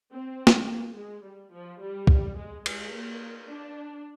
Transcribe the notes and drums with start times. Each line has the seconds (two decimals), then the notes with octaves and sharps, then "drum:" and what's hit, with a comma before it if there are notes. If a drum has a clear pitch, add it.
0.11 C4
0.47 drum: snare
0.67 A#3
0.95 G#3
1.24 G3
1.52 F3
1.81 G3
2.07 drum: kick
2.37 G#3
2.66 G#3, drum: cymbal
2.93 A#3
3.51 D4